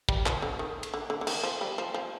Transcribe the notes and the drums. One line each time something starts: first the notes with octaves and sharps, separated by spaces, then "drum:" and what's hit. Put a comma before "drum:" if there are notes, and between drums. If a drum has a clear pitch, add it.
G3, drum: kick
F3, drum: clap
D3
D#3
drum: cymbal
D3
D3
D3
D#3, drum: cymbal
F3
G3
F3
F3